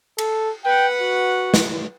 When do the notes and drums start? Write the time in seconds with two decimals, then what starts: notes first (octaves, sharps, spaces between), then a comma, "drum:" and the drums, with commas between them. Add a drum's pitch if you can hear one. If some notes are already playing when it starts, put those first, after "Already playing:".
0.18 A4, drum: cymbal
0.65 B4 F#5 G5
1.01 F#4
1.54 drum: snare